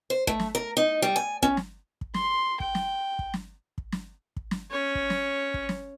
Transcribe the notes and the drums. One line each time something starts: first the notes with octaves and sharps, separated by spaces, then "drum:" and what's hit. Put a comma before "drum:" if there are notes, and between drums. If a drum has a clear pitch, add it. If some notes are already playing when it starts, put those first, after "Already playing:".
C5
A3, drum: kick
drum: snare
A#4
D#4
G3
G#5
C#4, drum: kick
drum: snare
drum: kick
C6, drum: snare
G5, drum: kick
drum: snare
drum: kick
drum: snare
drum: kick
drum: snare
drum: kick
drum: snare
C#4 C#5
drum: kick
drum: snare
drum: kick
drum: snare